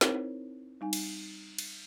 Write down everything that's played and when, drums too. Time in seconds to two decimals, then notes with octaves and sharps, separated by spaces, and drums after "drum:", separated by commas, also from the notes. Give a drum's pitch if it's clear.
0.01 C4 D#4 E4 A#4 C5 C#5, drum: snare
0.81 G3 D#4 G#5
0.93 drum: cymbal
1.58 drum: cymbal